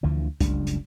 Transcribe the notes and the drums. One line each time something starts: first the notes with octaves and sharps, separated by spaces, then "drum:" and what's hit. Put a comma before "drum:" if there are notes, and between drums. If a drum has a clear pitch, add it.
D2 D3 E3 F3
F#1 C#2 G3 D4, drum: kick C2, hi-hat
drum: hi-hat